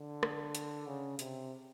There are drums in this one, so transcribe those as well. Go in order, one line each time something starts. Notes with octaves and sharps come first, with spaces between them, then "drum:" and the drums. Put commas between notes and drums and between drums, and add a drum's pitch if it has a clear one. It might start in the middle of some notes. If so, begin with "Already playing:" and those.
Already playing: D3
drum: rim click
drum: hi-hat
C#3
C3, drum: hi-hat